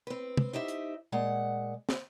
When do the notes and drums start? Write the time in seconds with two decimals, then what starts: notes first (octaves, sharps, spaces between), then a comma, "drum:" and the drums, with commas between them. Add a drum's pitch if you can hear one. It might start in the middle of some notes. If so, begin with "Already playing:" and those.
0.07 C4 B4
0.37 drum: tom
0.53 D#4 G4 C5 E5
0.68 drum: hi-hat
1.12 A#2 G#3 F#5
1.89 drum: snare